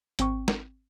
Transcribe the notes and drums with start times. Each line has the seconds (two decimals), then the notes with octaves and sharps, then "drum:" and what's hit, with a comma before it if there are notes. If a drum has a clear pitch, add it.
0.19 G#1 C4 G5 C#6, drum: hi-hat
0.48 drum: snare